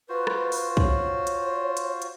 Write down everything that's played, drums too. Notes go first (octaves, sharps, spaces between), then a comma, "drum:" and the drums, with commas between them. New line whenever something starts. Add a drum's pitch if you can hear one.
F4 F#4 B4 C5
drum: rim click
drum: open hi-hat
C#5, drum: kick
drum: hi-hat
drum: hi-hat
drum: hi-hat